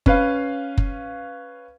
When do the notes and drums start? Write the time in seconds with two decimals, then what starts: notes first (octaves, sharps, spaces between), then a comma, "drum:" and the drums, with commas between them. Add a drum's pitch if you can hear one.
0.06 C#4 B4 F5, drum: kick F#1
0.78 drum: kick F#1